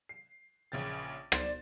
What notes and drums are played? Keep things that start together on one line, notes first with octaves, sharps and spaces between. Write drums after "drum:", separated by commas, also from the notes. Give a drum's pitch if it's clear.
C7
A#1 C#3 A#4 B4 G5 A6
A4 C5 D5 A6, drum: rim click